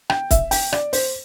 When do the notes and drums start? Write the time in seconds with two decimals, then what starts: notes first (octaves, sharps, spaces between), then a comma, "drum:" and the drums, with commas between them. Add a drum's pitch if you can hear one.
0.10 G5, drum: rim click
0.31 E5, drum: kick, hi-hat
0.51 G5, drum: open hi-hat
0.73 D5, drum: rim click
0.93 C5, drum: open hi-hat